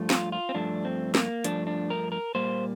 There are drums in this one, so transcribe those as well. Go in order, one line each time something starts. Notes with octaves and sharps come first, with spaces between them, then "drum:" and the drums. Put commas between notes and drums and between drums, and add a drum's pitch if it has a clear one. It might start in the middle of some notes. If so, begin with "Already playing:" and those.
Already playing: G2 F3 A3
F4, drum: snare
F4
C4
G2 F3 A3 D4
C4
A#3, drum: snare
G2 F3 A3 D4, drum: hi-hat
D4
A#4
A#4
A#2 G3 A#3 C5